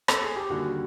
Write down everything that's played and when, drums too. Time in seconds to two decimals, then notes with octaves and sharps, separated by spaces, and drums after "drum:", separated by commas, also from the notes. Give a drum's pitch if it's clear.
0.08 A4, drum: rim click
0.22 G#4
0.36 G4
0.50 D#2 D3 G3 A#3 F#4